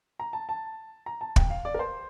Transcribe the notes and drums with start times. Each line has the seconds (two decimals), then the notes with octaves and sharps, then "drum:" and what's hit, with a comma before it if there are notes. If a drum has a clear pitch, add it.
0.20 A#5
0.33 A5
0.49 A5
1.06 A#5
1.21 A5
1.36 G5, drum: kick
1.50 F5
1.65 D5
1.74 A#4
1.79 C5